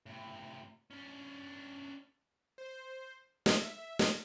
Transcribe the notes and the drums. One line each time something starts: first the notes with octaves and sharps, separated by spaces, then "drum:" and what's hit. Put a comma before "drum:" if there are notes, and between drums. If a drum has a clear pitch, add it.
A2 C3
C#4 D4
C5
E5, drum: snare
drum: snare